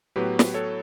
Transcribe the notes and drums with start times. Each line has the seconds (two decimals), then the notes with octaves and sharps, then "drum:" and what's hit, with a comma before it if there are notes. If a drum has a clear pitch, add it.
0.16 A2 F#3 B3 G4 B4
0.39 drum: snare
0.54 A4 C#5